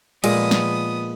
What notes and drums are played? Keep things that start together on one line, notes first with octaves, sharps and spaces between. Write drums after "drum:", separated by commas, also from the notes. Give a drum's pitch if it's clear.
A#2 F3 G#3 B3 D#6, drum: cymbal
drum: snare